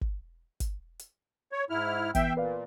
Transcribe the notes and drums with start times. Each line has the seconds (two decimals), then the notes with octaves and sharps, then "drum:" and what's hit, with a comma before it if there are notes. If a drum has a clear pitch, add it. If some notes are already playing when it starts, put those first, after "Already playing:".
0.01 drum: kick G1
0.60 drum: kick G1, hi-hat
0.99 drum: hi-hat
1.52 C#5
1.70 G#2 E4 F6
2.15 E3 B3 E5 G5 C7, drum: kick G1, hi-hat
2.37 A#2 B4 D5 F5